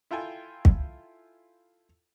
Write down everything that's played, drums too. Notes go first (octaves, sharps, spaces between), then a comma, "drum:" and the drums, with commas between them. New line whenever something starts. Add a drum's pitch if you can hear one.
E4 F4 A4 G5 G#5
drum: kick